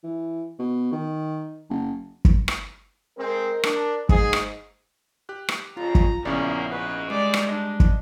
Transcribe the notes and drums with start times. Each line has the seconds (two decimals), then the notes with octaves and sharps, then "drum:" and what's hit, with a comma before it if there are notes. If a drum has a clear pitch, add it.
0.03 E3
0.59 B2
0.92 D#3
1.70 F#1
2.25 drum: kick
2.48 drum: rim click
3.18 G#3 C4 A#4
3.63 D4, drum: rim click
4.09 G#2 G#4, drum: kick
4.33 drum: rim click
5.29 G4 F#6
5.49 drum: rim click
5.77 F2 C#3 F4 A#5
5.95 drum: kick
6.25 A#1 F#2 C#3 A#3 B3 C#4 E4 D5
6.69 G#2 B4 C#6
7.10 G3 G#3 D5
7.34 drum: rim click
7.49 D4 D#5
7.80 drum: kick